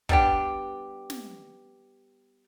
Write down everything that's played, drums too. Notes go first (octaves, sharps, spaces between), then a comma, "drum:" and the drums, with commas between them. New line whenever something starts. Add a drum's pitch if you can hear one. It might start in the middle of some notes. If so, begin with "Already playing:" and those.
G3 B3 D4 G4, drum: kick
drum: snare